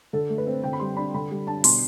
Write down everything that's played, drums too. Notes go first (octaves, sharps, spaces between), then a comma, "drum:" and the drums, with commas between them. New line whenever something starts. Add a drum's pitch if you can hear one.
D3 A4
A3
B4
C4
D3 G5
B5
G3 C6
D4 B5
D3 B5
G3
D4 A5
B2 C6, drum: open hi-hat